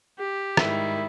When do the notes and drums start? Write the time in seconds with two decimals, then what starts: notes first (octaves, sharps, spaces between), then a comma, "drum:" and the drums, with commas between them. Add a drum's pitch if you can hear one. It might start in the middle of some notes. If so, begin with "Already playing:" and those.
0.19 G4
0.57 G#2 D#3 G3 E4, drum: rim click